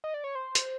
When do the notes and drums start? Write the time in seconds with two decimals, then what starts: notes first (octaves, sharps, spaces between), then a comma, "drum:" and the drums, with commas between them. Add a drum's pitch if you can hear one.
0.04 D#5
0.14 D5
0.24 C#5
0.35 C5
0.55 drum: hi-hat